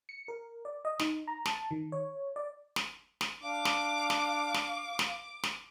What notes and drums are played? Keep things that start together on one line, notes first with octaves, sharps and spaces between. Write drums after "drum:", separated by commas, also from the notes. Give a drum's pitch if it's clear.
C#7
A#4
D5
D#5
D#4, drum: snare
A#5
A5, drum: snare
D#3
C#5
D5
drum: snare
drum: snare
D4 F5 D6
drum: snare
drum: snare
drum: snare
drum: snare
drum: snare